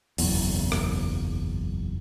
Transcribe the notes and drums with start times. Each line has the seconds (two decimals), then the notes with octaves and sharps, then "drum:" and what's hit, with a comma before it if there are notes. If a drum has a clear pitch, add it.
0.18 F#1 B1 E2, drum: open hi-hat
0.72 drum: rim click